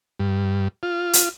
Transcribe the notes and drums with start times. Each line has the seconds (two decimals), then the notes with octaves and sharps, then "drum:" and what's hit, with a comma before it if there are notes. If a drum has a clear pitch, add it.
0.20 G2
0.83 F4
1.13 drum: hi-hat